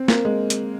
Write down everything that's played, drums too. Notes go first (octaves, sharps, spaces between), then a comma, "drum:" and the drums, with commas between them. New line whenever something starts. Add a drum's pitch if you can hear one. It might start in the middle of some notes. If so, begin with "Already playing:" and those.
Already playing: C4
A#3, drum: snare
G#3
drum: hi-hat